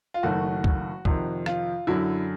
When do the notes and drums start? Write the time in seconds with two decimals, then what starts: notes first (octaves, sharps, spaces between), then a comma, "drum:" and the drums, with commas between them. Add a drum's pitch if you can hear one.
0.14 F4
0.23 F#1 F#2 D#3 F#3 A3 F#4
0.64 drum: kick
1.05 F2 C3 D#3, drum: kick
1.46 F4, drum: rim click
1.87 F#2 D3 F#3 E4